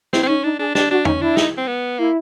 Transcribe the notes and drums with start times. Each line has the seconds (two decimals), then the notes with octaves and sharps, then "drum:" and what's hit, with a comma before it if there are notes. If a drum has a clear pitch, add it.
0.13 C4 E4, drum: snare
0.23 C4
0.28 C#4 D#4
0.44 D4 D#4
0.59 D4 G#4
0.75 D4 G4, drum: snare
0.91 D4 F#4
1.05 C#4 D#4, drum: tom
1.21 D4 E4
1.37 D#4, drum: snare
1.57 C4
1.67 B3
1.98 A#3 E4